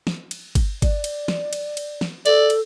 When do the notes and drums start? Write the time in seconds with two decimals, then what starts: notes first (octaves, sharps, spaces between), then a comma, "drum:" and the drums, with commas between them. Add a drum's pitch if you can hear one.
0.07 drum: snare
0.31 drum: cymbal
0.55 drum: kick G1, cymbal
0.82 D5, drum: kick G1, cymbal
1.04 drum: cymbal
1.28 drum: snare
1.53 drum: cymbal
1.77 drum: cymbal
2.01 drum: snare
2.26 A4 D5, drum: cymbal
2.50 drum: cymbal